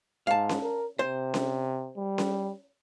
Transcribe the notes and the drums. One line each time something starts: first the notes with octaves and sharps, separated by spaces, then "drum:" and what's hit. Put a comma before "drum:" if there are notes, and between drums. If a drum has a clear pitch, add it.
G#2 F5 A5
drum: snare C#4
A#4
C3 C5
drum: snare C#4
G3
drum: snare C#4